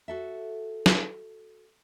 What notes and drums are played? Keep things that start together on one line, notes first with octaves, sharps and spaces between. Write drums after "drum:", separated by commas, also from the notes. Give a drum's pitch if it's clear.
F#4 A4 E5
drum: snare